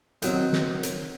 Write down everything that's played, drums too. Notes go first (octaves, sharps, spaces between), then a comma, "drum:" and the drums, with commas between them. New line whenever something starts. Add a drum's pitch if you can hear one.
D#3 F#3 C4, drum: hi-hat
drum: snare
drum: hi-hat